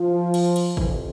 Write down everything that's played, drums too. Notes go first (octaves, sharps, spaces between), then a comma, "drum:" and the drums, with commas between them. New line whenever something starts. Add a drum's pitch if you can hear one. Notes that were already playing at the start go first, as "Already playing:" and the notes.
Already playing: F3
drum: cymbal
drum: cymbal
F2 C3 E3, drum: kick G1